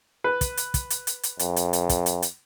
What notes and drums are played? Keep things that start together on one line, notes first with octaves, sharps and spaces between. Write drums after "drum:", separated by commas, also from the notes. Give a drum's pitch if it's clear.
B4
drum: kick, hi-hat
drum: hi-hat
drum: kick, hi-hat
drum: hi-hat
drum: hi-hat
drum: hi-hat
F2, drum: hi-hat
drum: hi-hat
drum: hi-hat
drum: kick, hi-hat
drum: hi-hat
drum: hi-hat